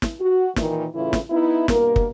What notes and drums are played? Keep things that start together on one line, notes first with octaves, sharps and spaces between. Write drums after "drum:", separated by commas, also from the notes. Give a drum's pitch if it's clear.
drum: snare
F#4
A#2 D#3 E3, drum: snare
A2 C#3 E3 E4 F4
drum: snare
B3 D#4 E4
G2 B2 A#3 A#4, drum: snare
drum: kick